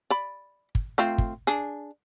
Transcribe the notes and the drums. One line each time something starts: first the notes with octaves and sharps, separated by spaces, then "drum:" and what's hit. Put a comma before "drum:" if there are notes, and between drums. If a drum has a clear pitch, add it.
D5 B5
drum: kick
A3 C4 F4
drum: kick
D4 G#4